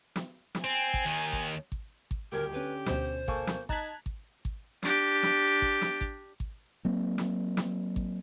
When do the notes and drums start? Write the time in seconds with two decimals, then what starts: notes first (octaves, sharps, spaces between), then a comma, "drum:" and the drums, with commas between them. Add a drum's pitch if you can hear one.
0.16 drum: snare
0.55 drum: snare
0.64 C4 G#5
0.94 drum: kick G#1
1.05 D#2 D#3
1.33 drum: kick G#1
1.72 drum: kick G#1
2.11 drum: kick G#1
2.32 D#1 D2 G4 A#4 G#6
2.53 D3 C#4 B4
2.86 D2 B2 C5, drum: snare
3.28 A#3 A4 G#5 C#6, drum: kick G#1
3.47 drum: snare
3.69 D#4 A5 A#5 F#6 G#6 B6, drum: kick G#1
4.06 drum: kick G#1
4.45 drum: kick G#1
4.83 D4 G4, drum: snare
5.23 drum: snare
5.62 drum: kick G#1
5.81 drum: snare
6.01 drum: kick G#1
6.40 drum: kick G#1
6.85 F#3 A#3 C4
7.18 drum: snare
7.57 drum: snare
7.96 drum: kick G#1